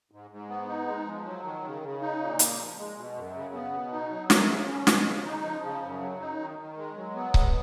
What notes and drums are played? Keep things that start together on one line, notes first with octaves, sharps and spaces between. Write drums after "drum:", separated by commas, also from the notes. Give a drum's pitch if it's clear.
G#2
G#2
B3
D#4
G#3
F3
F#3
D#3
C#3
C#3
D#4
A#2
A#3, drum: hi-hat
F3
G#3
B2
F#2
C#3
B3
B2
D#4
F#3
F#2, drum: snare
C#3
C#4
B2, drum: snare
C#3
D#4
F3
C#3
F#2
F#3
D#4
D#3
D#3
G#3
F#3
B3
G#3, drum: kick C#1